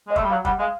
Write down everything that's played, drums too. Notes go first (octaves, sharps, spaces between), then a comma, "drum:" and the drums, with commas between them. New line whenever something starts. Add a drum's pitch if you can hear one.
G#3 D#5
A3 E5, drum: kick
G3
F#3 F5
G3 F#5, drum: kick
G#3 F5